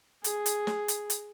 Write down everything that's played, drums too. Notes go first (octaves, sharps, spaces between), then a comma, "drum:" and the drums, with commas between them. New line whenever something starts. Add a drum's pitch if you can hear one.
G#4, drum: hi-hat
drum: hi-hat
drum: snare
drum: hi-hat
drum: hi-hat